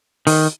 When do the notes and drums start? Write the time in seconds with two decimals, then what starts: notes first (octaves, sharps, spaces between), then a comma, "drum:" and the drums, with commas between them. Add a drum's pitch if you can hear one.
0.27 D#3, drum: open hi-hat